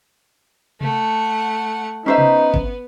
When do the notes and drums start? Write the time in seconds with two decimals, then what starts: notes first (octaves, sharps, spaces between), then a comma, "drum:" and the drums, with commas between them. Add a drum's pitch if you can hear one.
0.81 A3 F#5, drum: tom C3
2.06 B3 C#4 D#4 C5 E5
2.18 drum: tom C3
2.54 drum: kick